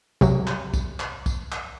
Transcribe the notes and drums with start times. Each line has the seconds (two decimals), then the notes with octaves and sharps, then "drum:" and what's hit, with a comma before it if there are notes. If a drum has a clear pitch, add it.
0.21 C3 F#3, drum: kick, tambourine
0.47 drum: clap
0.74 drum: kick, tambourine
1.00 drum: clap
1.26 drum: kick, tambourine
1.52 drum: clap